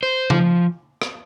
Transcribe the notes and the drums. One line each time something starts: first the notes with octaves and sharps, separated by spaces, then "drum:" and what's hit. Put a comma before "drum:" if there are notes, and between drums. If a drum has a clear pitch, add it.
C5
F3, drum: tom C#3
drum: rim click